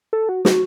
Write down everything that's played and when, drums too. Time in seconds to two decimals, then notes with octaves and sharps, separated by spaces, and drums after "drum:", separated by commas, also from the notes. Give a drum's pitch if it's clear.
0.13 A4
0.29 F#4
0.45 F#4, drum: snare